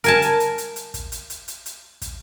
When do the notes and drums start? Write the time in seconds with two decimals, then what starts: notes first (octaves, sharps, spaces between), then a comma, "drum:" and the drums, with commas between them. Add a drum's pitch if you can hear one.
0.04 A#4 G#5 A5, drum: hi-hat
0.22 drum: hi-hat
0.40 drum: hi-hat
0.58 drum: hi-hat
0.76 drum: hi-hat
0.94 drum: kick, hi-hat
1.12 drum: hi-hat
1.30 drum: hi-hat
1.48 drum: hi-hat
1.66 drum: hi-hat
2.02 drum: kick, hi-hat